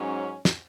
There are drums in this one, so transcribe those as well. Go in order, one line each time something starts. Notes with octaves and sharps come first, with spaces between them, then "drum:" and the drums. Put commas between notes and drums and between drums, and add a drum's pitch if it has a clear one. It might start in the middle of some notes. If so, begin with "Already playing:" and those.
Already playing: G#2 F#3 C#4
drum: snare